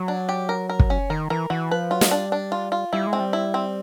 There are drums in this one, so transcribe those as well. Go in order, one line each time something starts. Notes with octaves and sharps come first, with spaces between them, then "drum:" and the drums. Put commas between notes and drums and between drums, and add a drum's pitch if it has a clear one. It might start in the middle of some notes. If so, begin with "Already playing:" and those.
Already playing: F#3
D4
G4
A#4
A#4
drum: kick
C#4
D#3 A#4
E3 A#4
E3 F#4
F3 B4
F#3 F4
drum: snare
G3 D4
D4
F4
F4
G3 E4
G#3
C4
G3
E4
C4